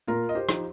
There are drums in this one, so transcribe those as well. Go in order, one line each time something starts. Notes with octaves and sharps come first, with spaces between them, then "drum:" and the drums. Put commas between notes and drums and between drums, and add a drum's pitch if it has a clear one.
A#2 F4 A#4
D#5
G4 C5
F3 D#4, drum: rim click